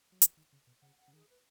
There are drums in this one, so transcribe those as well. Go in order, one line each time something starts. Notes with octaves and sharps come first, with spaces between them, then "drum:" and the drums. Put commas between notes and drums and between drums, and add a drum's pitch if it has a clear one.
F#3
E3, drum: hi-hat
D#3
C#3
B2
C#3 F#5
F#5
C#3
D#3 G#4
B4